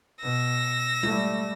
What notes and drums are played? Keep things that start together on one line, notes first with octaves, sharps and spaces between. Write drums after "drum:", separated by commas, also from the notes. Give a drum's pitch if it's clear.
B2 E6 A#6
G3 A3, drum: tom G#3